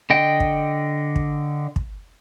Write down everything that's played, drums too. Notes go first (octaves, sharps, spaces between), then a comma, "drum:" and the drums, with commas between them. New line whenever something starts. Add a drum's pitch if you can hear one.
D3 D#5 G5
drum: kick
drum: kick
drum: kick